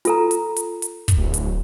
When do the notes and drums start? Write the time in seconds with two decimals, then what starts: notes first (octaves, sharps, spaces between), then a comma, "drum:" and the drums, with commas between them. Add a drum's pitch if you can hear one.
0.05 F4 A4 A#5, drum: hi-hat
0.31 drum: hi-hat
0.56 drum: hi-hat
0.82 drum: hi-hat
1.08 drum: kick, hi-hat
1.17 D1
1.34 drum: hi-hat